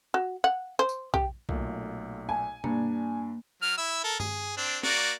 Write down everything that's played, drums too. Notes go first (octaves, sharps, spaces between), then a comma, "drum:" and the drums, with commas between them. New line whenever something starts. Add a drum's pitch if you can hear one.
F#4
F#5
C5
drum: tambourine
G4, drum: kick
B1 A#2 A3, drum: kick
G#5
G2 A#3 D4, drum: tom B2
F#3 F6
E4 E6
A4 A#4
G#4, drum: tom G2
C4 D4
A#3 F#4 D5, drum: snare